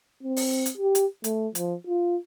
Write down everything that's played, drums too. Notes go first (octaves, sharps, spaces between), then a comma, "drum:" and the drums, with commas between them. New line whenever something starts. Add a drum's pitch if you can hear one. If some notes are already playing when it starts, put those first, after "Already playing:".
C4
drum: open hi-hat
drum: hi-hat
G4
drum: hi-hat
A3, drum: hi-hat
F3, drum: hi-hat
F4